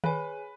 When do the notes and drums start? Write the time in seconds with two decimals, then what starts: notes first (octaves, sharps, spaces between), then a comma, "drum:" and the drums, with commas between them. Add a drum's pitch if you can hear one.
0.04 G#4 B4 C#5 G#5, drum: tom D#3